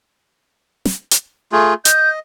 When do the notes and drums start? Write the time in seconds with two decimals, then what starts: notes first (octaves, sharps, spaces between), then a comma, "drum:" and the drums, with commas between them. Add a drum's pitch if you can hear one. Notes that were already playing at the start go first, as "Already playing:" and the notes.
0.85 drum: snare
1.11 drum: hi-hat
1.52 A3 F4 G#4
1.85 D#5 G6, drum: hi-hat